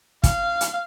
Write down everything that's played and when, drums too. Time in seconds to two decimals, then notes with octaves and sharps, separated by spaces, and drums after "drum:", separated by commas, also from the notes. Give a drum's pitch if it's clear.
0.23 F5, drum: kick, hi-hat
0.61 drum: hi-hat